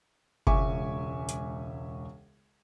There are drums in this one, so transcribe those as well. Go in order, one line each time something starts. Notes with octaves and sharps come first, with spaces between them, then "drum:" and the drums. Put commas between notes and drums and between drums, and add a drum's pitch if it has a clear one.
E1 C#2 E5 G#5 C#6 D6, drum: kick F#1
drum: hi-hat